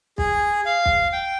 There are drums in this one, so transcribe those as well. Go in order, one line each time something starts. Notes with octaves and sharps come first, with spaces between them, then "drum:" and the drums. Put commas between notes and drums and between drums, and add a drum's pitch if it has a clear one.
G#4, drum: kick
F5
drum: kick
G5